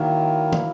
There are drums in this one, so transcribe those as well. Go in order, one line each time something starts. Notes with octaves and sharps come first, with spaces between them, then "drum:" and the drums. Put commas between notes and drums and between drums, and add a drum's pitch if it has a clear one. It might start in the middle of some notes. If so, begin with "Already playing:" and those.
Already playing: D#3 F#3 A#3 E4
drum: tom